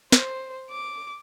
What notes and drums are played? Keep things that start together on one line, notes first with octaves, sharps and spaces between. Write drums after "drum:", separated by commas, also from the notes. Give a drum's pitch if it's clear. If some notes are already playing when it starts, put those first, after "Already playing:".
C5, drum: snare
D6